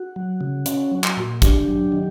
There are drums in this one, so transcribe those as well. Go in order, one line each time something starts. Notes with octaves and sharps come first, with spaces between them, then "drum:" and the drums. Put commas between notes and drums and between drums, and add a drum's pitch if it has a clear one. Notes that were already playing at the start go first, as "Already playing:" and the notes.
Already playing: F#4
F#3
C#3
C#4, drum: hi-hat
F#3
drum: clap
A#2
D4 G4, drum: kick, hi-hat
F#3
D#3